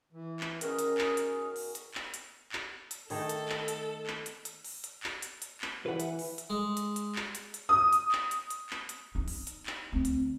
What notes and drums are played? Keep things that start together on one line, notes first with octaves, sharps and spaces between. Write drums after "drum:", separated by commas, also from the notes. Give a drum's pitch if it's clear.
E3
drum: clap
B2 D#3 C#4 F#4 G#4 A#4, drum: hi-hat
drum: hi-hat
drum: clap
drum: hi-hat
drum: open hi-hat
drum: hi-hat
drum: clap
drum: hi-hat
drum: clap
drum: hi-hat
D#3 A3 G#4 A4, drum: open hi-hat
drum: hi-hat
drum: clap
drum: hi-hat
drum: clap
drum: hi-hat
drum: hi-hat
drum: open hi-hat
drum: hi-hat
drum: clap
drum: hi-hat
drum: hi-hat
drum: clap
E3 B4 F#5
drum: hi-hat
drum: open hi-hat
drum: hi-hat
G#3
drum: hi-hat
drum: hi-hat
drum: clap
drum: hi-hat
drum: hi-hat
D#6
drum: hi-hat
drum: clap
drum: hi-hat
drum: hi-hat
drum: clap
drum: hi-hat
D#4
drum: open hi-hat
drum: hi-hat
drum: clap
D2 C4
drum: hi-hat